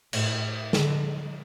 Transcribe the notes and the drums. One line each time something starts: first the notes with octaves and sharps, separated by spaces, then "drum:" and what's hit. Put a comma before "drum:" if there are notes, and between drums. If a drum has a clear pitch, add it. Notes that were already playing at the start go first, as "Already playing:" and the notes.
A2, drum: cymbal
D3, drum: snare